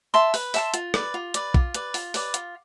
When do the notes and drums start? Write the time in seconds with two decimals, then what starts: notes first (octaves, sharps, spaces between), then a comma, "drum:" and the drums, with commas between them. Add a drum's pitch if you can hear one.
0.14 E5 A5 C6
0.34 B4, drum: open hi-hat
0.54 E5 A5 C6, drum: open hi-hat
0.74 F4, drum: hi-hat
0.94 B4 D5, drum: rim click
1.14 F4
1.34 B4 D5, drum: hi-hat
1.54 F4, drum: kick
1.74 B4 D5, drum: hi-hat
1.94 F4, drum: open hi-hat
2.14 B4 D5, drum: open hi-hat
2.34 F4, drum: hi-hat